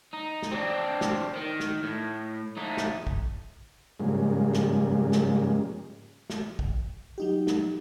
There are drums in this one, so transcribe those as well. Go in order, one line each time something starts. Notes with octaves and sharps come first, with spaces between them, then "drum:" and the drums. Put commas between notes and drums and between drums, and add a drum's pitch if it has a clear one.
D#4
drum: snare
C4 D4
drum: snare
D#3
drum: snare
A2
A3 D#4
drum: snare
drum: kick
G#2 C#3 F3 G3 G#3 A#3
drum: snare
drum: snare
drum: snare
drum: kick
F#3 D#4 G4
drum: snare